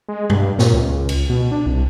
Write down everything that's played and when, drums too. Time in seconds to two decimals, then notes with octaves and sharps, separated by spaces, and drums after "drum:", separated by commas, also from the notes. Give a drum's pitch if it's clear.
0.09 G#3
0.30 G2, drum: tom
0.59 A#2, drum: snare
0.74 C#2
1.09 drum: cymbal
1.29 B2
1.51 D4
1.66 C2